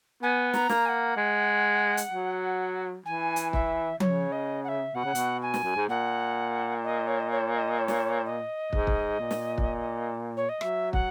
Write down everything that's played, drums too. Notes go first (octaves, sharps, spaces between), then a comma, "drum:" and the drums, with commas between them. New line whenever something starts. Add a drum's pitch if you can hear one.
B3 G#5
A#5, drum: snare
A#3, drum: snare
G#5
F#5
G#3
drum: hi-hat
F#3
E3 G#5
drum: hi-hat
E5, drum: kick
C#3 C#5, drum: tom F3
D#5
F#5
E5
B2 F#5
C#3
B2, drum: hi-hat
G#5
drum: snare
F#2
G#2
A#2 F#5
D#5
C#5
D#5
C#5
D#5
C#5
drum: snare
D#5
G#2, drum: kick
drum: kick
A#2
drum: snare
drum: kick
C#5
D#5
F#3 E5, drum: rim click
F#5, drum: kick